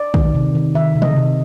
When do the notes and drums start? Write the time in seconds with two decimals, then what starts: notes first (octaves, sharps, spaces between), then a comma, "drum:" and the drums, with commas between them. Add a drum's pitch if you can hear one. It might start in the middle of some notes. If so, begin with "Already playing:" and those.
Already playing: D5
0.14 D#3, drum: kick
0.34 C3
0.55 D#3
0.75 D#3 E5
0.95 C3
1.02 D#5, drum: tom
1.16 C3